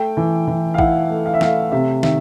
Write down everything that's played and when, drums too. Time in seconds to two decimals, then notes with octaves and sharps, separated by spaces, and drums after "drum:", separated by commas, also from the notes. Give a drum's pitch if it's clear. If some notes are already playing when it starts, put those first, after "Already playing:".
Already playing: A3 G5
0.17 E3
0.48 E3
0.74 F5
0.78 E4 F#5, drum: kick A1
1.10 A3
1.26 F5
1.34 E5
1.41 A3 F5, drum: snare
1.72 C3 E5
2.03 D#3 E5, drum: snare